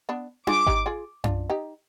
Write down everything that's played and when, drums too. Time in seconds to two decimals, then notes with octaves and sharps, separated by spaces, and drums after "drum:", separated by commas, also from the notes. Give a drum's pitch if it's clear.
0.09 B3 D4
0.47 F4 G#4 D6, drum: tom D4
0.67 D#4 G4, drum: kick G#1
0.86 F4 G#4
1.24 D4 F4, drum: tom F#2
1.50 D#4 G4